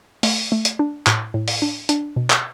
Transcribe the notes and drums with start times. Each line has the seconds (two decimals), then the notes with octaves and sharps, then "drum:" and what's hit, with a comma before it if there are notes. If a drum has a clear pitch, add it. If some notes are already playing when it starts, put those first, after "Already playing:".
0.23 A3, drum: open hi-hat
0.52 A3
0.65 drum: hi-hat
0.79 D4
1.07 A2, drum: clap
1.34 A2
1.48 drum: open hi-hat
1.62 D4
1.89 D4, drum: hi-hat
2.16 B2
2.30 drum: clap